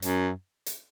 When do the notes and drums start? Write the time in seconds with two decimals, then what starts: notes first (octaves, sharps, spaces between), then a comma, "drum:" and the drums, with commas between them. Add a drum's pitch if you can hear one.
0.02 F#2, drum: hi-hat
0.66 drum: hi-hat